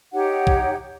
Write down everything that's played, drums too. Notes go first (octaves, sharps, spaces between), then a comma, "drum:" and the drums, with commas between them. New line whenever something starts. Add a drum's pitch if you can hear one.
D#4 G4 C#5 F#5
drum: kick